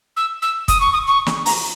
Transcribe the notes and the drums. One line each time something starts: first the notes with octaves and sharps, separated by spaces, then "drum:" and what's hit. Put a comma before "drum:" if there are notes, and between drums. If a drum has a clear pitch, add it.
E6
E6
D#6, drum: kick, hi-hat
C#6
D#6
C#6
drum: snare
A#5, drum: open hi-hat